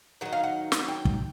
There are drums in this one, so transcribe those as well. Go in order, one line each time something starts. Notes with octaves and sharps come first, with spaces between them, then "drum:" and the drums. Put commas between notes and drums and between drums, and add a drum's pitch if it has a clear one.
D#3 F#3 D#4 F#5
F5
F#5
drum: snare
G5
drum: kick